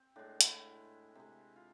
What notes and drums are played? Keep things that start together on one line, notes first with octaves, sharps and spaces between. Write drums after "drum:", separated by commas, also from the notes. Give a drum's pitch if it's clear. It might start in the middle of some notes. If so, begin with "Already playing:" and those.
Already playing: C4
A2 G#3 D4
E4, drum: hi-hat
C3 G#3
F4